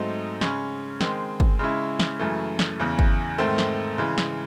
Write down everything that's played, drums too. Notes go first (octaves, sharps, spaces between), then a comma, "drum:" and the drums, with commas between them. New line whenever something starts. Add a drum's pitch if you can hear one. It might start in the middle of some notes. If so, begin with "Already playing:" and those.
Already playing: G#2 F#3 A3 C4 D#4
C#3 G#3 C#4, drum: snare
D#3 G#3 C4, drum: snare
drum: kick G1
C#3 G#3 C#4 E4
drum: snare
F#2 C#3 E3 A3
drum: snare
E2 C#3 E3
drum: kick G1
G#2 D#3 A3 C4
drum: snare
C#3 E3 G#3
drum: snare